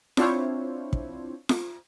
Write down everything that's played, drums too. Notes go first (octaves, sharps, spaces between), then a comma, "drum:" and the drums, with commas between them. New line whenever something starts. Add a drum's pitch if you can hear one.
C4 D4 E4 F4 C5 C#5, drum: snare F4
drum: kick
drum: snare F4